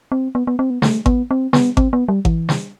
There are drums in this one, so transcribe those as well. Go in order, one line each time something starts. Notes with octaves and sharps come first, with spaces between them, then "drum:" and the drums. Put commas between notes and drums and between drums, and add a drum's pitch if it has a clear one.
C4
B3
B3
C4
B3
A3, drum: snare
B3, drum: kick G#1
C4
B3, drum: snare
C4, drum: kick G#1
B3
G3
E3, drum: kick G#1
drum: snare